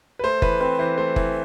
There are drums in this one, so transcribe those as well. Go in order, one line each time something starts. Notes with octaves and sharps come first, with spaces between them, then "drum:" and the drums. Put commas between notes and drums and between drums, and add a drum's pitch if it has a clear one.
B4
A3 C5
E3 B4, drum: kick F#1
C4 B4
E3 C5
A3 C5
E3, drum: kick F#1